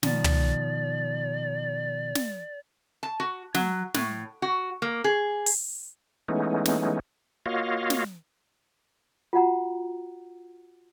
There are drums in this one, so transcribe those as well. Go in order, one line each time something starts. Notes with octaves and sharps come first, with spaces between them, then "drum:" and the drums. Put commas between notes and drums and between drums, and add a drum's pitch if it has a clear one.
B2 D#3 F3 D5, drum: snare
drum: tom
drum: snare
A5
F#4
F#3, drum: snare
A2, drum: snare
F#4
A#3
G#4
drum: open hi-hat
E3 G#3 A3 B3 C#4 D#4
drum: snare
A#3 F4 F#4 C#5 D#5 F5
drum: snare
F4 F#4 F#5 A#5